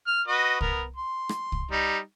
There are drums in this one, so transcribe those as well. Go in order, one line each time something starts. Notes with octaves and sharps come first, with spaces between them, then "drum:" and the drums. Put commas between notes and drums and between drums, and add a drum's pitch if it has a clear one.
F6
F#4 B4 D#5
B3 A#4, drum: kick C2
C6
drum: rim click
drum: kick C2
G3 D#4